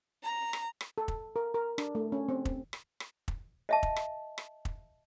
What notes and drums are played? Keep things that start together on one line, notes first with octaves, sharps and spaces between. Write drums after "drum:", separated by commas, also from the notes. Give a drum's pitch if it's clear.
A#5
drum: rim click
drum: rim click
A4
drum: kick
A#4
A#4
D4, drum: rim click
A3
C#4
C4
drum: kick
drum: rim click
drum: rim click
drum: kick
D#5 E5 A5
drum: kick
drum: rim click
drum: rim click
drum: kick